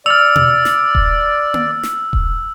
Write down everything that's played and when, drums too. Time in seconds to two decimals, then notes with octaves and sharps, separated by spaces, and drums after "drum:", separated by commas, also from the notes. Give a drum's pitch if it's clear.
0.06 D5 E6 F6 F7
0.36 drum: tom B2
0.65 drum: snare
0.95 drum: kick D#1
1.54 drum: tom A#3
1.83 drum: snare
2.13 drum: kick D#1